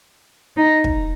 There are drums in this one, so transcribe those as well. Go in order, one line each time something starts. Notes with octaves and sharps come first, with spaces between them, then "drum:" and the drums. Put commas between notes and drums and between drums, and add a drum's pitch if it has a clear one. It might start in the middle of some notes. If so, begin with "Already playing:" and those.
D#4
drum: kick